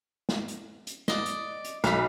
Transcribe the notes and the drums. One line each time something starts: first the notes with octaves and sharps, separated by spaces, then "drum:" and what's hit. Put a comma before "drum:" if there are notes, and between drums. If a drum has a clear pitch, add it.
drum: snare
drum: hi-hat
drum: hi-hat
D5 D#5, drum: snare
drum: hi-hat
drum: hi-hat
B1 F5 B5, drum: snare